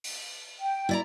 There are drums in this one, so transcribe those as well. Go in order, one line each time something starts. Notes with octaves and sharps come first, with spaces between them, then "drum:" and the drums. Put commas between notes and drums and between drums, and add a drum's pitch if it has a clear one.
drum: open hi-hat
G5
E4 D5 A#5